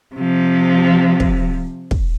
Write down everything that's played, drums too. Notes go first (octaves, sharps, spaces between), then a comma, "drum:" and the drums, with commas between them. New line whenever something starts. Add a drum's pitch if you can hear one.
C3 F3
drum: kick
drum: kick